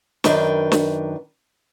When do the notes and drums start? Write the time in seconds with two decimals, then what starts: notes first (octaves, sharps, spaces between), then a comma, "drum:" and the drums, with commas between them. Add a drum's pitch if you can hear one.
0.24 F#2 D#3 D4 A#4 B4 G5, drum: snare
0.72 drum: snare